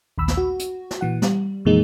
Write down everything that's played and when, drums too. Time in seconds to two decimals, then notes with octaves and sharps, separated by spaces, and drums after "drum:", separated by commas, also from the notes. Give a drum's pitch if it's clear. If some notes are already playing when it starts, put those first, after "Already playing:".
0.18 A#1 D#2 B5 E6
0.28 drum: snare
0.37 F#4
0.59 drum: hi-hat
0.91 drum: snare
1.01 A#2 E3 F#5
1.22 G3, drum: snare
1.65 F2 A#2 E3 G#3 A#3 D#4